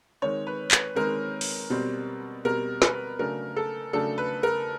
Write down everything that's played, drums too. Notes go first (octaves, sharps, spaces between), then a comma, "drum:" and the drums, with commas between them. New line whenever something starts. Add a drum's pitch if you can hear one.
D#3 G#3 C4 C#5
B4
B4, drum: clap
D#3 G#3 C4 A#4
drum: open hi-hat
B2 G3 C4
B2 G3 C4 A#4
B4, drum: snare
C#3 F#3 A3 D4 A#4
A4
C#3 F#3 A3 D4 A4
B4
A#4